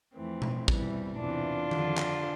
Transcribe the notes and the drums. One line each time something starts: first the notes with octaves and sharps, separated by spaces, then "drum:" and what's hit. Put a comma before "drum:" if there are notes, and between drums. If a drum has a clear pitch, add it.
F2 E3 A3 C4
drum: tom B2
E2 C3 E3 G3, drum: kick
E2 C3 E3 D4 F4
F2 D3, drum: tom D#3
drum: clap